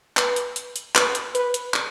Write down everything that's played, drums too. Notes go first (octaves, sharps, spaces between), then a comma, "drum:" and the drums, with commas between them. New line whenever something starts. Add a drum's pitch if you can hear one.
B4, drum: clap
drum: hi-hat
drum: hi-hat
drum: hi-hat
B4, drum: clap
drum: hi-hat
B4, drum: hi-hat
drum: hi-hat
drum: clap